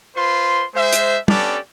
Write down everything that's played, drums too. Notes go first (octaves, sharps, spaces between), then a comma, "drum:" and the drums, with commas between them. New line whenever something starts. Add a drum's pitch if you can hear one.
F4 B4 C5 C6
G#3 C5 E5
drum: hi-hat
B3 C#4 D4 G4 A4 D5, drum: tom